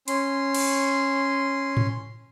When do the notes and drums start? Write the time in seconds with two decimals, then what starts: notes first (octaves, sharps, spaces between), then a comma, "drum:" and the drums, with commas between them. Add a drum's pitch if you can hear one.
0.08 C#4 C6, drum: hi-hat
0.55 drum: cymbal
1.77 drum: tom G#2